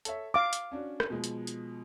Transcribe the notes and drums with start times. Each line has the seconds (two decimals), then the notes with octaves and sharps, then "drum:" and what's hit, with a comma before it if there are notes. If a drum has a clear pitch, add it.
0.05 A4 C#5 E5, drum: hi-hat
0.34 F5 D6 F6
0.53 drum: hi-hat
0.71 C#4 D4 F#4
1.00 drum: rim click
1.10 B2 F3 G#3
1.24 drum: hi-hat
1.47 drum: hi-hat